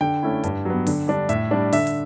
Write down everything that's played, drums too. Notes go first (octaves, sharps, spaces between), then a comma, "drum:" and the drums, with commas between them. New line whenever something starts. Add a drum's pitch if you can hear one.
D3 G5
A3 C#4 E4
G2, drum: hi-hat
F#3 B3
D3, drum: open hi-hat
G3 D4
A2 E5, drum: hi-hat
G3 D4
D3 E5, drum: open hi-hat
drum: hi-hat